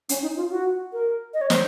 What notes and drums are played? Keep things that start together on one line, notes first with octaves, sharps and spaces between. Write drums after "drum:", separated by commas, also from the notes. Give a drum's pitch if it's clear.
C#4, drum: hi-hat
D#4
F4
F#4
A#4
D#5
C#5
C5, drum: snare